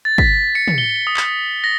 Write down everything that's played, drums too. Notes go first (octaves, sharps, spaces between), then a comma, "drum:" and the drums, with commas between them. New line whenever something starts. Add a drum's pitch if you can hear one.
A6
B6, drum: kick
C#7
drum: tom
G7
D#6
drum: clap
A#6